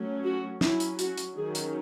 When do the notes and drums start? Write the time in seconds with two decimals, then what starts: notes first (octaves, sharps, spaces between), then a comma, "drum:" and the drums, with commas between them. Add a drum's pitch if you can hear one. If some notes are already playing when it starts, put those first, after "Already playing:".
Already playing: F#3 A3 C#4
0.24 F#4
0.61 F#3 C#4 E4, drum: snare
0.80 drum: hi-hat
0.99 F#4, drum: hi-hat
1.18 drum: hi-hat
1.36 D#3 F#3 C#4 G#4
1.55 drum: hi-hat